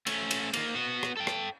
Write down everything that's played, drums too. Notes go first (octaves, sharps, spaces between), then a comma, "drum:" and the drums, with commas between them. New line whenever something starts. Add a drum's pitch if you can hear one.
A3 C#4, drum: cymbal
drum: cymbal
D#3 A#3, drum: cymbal
B3 F#4
drum: rim click
A4 G5
drum: rim click